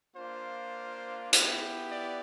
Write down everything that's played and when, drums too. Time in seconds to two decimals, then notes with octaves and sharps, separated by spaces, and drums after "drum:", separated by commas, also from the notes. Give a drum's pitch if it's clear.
0.16 A#3 D4 F4 C5
1.33 B3 E4 G4, drum: hi-hat
1.91 D5